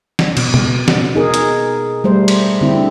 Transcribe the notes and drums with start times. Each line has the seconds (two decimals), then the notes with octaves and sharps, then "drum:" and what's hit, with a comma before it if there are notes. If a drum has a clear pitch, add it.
0.19 drum: snare
0.37 B2, drum: cymbal
0.54 drum: tom B2
0.88 drum: snare
1.15 D#4 G#4 A#4
1.34 drum: hi-hat
2.04 G3 A3 C5
2.28 drum: cymbal
2.61 D3 C4 E4